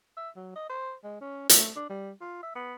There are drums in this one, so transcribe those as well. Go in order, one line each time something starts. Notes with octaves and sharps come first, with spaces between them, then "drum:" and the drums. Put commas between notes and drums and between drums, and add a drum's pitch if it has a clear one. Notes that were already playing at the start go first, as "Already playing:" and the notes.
E5
F#3
D#5
C5
G#3
C#4
A3, drum: hi-hat
D4
G3
F4
E5
B3